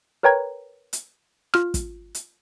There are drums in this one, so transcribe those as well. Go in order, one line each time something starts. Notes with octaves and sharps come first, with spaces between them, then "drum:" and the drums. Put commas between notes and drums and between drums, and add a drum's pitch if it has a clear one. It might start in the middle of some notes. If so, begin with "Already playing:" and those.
A#4 B4 C#5 G5 A#5 G#6
drum: hi-hat
F4 F6, drum: rim click
drum: kick, hi-hat
drum: hi-hat